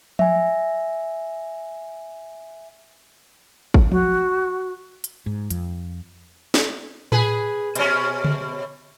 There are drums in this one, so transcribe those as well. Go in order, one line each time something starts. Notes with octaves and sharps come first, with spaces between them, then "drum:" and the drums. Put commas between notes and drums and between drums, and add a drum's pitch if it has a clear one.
E5 G#5, drum: tom F3
drum: kick
F#4, drum: tom F3
drum: hi-hat
G#2
F2, drum: hi-hat
drum: snare
G#4 B4, drum: tom A2
B2 C#4, drum: hi-hat
drum: tom C#3